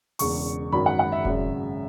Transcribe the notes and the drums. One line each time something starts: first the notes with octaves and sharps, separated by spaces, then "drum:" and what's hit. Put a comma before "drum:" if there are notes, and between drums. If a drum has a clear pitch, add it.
E1 E2 C#3 C#6, drum: open hi-hat
G#1 F#2 D#3 F#3 B5
F#5
F#5
E5
G#1 F#2 C#3, drum: kick E1